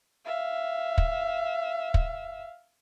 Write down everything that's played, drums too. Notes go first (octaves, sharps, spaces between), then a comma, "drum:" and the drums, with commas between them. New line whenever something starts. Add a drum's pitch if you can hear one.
E5 F5
drum: kick
drum: kick